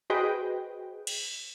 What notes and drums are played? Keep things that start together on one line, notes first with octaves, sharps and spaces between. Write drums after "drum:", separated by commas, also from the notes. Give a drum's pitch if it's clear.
F#4 G#4 B4 C5 D#5 G5
drum: cymbal